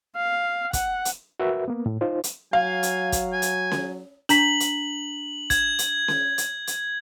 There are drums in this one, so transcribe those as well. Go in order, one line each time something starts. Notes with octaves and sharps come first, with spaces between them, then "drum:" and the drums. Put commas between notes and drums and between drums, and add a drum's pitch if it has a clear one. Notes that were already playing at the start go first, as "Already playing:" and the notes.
F5
F#5, drum: kick, hi-hat
drum: hi-hat
F#4 A#4 B4 E5
A#3 B3
A2
D#4 F4 C5
drum: hi-hat
F#3 F5 G#5
drum: hi-hat
drum: kick, hi-hat
G#5
drum: hi-hat
drum: snare C#4
D4 A#5 B6 F#7, drum: hi-hat
drum: hi-hat
G#6, drum: kick, hi-hat
drum: hi-hat
drum: snare C#4
drum: hi-hat
drum: hi-hat